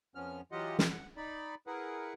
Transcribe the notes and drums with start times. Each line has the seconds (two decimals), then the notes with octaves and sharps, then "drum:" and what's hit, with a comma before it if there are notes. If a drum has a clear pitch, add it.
0.15 F2 F3 B3 C#4 F6
0.52 E3 F#3 F4 G4 D#5 F#5
0.79 drum: snare
0.91 F#5
1.17 D#4 D5 B5
1.67 E4 G#4 A#4 B4 F#5